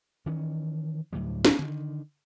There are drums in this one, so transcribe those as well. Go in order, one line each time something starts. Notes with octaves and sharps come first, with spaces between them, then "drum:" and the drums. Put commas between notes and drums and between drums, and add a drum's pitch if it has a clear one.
D#3 E3 C#4
D2 A2 F#3 G3
drum: snare
D3 D#3